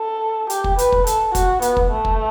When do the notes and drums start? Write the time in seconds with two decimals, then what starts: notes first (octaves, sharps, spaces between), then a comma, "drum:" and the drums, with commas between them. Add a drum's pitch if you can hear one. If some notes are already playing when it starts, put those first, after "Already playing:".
Already playing: A4
0.50 G4, drum: hi-hat
0.64 drum: kick
0.78 B4, drum: hi-hat
0.92 drum: kick
1.07 A4, drum: hi-hat
1.35 F#4, drum: kick, hi-hat
1.62 B3, drum: hi-hat
1.77 drum: kick
1.91 A3
2.05 drum: kick